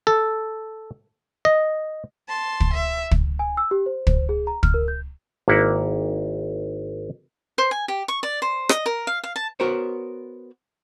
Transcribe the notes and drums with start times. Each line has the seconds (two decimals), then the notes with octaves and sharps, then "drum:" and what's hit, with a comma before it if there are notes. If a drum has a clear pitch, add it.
0.07 A4
1.45 D#5
2.28 A5 C6
2.60 drum: kick
2.73 E5
3.11 drum: kick
3.39 G#5
3.57 E6
3.71 G4
3.86 C5
4.07 C5, drum: kick
4.29 G#4
4.47 A#5
4.63 F6, drum: kick
4.74 A#4
4.88 G6
5.48 G#1 A#3 E4 F#5
7.58 C5
7.71 G#5
7.88 G4
8.08 C#6
8.23 D5
8.42 C5
8.69 D#5, drum: rim click
8.86 A#4
9.07 F5
9.24 F5
9.36 A5
9.60 B3 F#4 A#4 C5 C#5